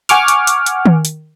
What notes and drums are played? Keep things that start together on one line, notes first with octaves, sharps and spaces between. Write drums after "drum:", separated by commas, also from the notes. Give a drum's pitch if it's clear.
F#5 G#5 C#6 D6 F6, drum: hi-hat
drum: hi-hat
drum: hi-hat
drum: hi-hat
drum: tom D#3
drum: hi-hat